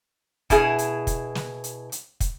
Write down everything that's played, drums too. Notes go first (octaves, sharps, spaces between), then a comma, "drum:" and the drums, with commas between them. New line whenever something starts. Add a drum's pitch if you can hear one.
B2 E4 G#4, drum: kick, hi-hat
drum: hi-hat
drum: kick, hi-hat
drum: snare
drum: hi-hat
drum: hi-hat
drum: kick, hi-hat